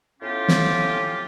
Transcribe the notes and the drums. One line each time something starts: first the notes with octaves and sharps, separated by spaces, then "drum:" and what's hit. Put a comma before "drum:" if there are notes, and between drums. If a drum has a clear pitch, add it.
A2 B3 C#4 F4 G4
drum: snare